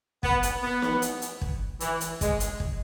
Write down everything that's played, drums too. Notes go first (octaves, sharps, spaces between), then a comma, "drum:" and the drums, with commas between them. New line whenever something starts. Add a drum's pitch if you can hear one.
B3, drum: kick
drum: hi-hat
B3
drum: snare
drum: hi-hat
drum: hi-hat
drum: kick
E3, drum: hi-hat
drum: hi-hat
G#3, drum: kick, hi-hat
drum: hi-hat
drum: kick